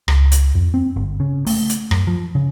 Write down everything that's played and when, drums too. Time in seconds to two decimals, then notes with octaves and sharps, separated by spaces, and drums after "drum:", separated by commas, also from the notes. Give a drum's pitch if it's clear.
0.08 C#2, drum: rim click
0.32 drum: hi-hat
0.55 F2
0.74 C4
0.96 G1
1.20 C#3
1.46 A3, drum: open hi-hat
1.69 drum: hi-hat
1.91 F#2, drum: rim click
2.07 F3
2.35 C#3